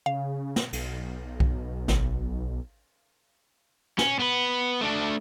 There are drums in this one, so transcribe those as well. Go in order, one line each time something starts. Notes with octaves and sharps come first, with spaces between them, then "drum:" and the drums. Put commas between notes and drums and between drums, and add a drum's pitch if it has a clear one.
C#3 F5
drum: snare
B1, drum: cymbal
drum: kick B1
G#1, drum: snare
C#4, drum: snare
B3 B4
A3 D4